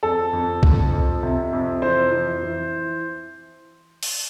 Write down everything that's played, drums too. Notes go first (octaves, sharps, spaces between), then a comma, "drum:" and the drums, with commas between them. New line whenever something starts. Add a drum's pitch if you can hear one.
F2 A4
F2
F3, drum: kick C2
F2
C3
F2
E3 C5
E3
E3
drum: open hi-hat